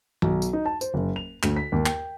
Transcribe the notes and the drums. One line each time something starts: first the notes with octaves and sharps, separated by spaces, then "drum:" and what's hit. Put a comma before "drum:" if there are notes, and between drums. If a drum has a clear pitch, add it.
B1, drum: tom D#3
drum: tambourine
D#4
A5
C5, drum: tambourine
F#1
F7
D2, drum: clap
B6
D#2
G5, drum: clap